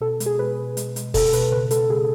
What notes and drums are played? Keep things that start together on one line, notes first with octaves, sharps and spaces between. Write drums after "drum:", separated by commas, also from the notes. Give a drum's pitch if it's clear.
B2 A4
G#3, drum: hi-hat
G#4
B2 B4
B2
G#3, drum: hi-hat
G#3, drum: hi-hat
B2 A4, drum: kick, open hi-hat
A4
B2 B4, drum: hi-hat
C#3 B4
G#3 A4, drum: hi-hat
C#3 G#4